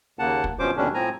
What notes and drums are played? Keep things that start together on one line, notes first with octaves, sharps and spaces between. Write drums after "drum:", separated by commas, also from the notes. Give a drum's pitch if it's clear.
D#2 C#3 A#3 F#5 A5
drum: kick
G2 B2 F3 C#4 C5 D6
D#2 B2 D3 G3 C#4 D4
A2 F3 C4 G#5 A#5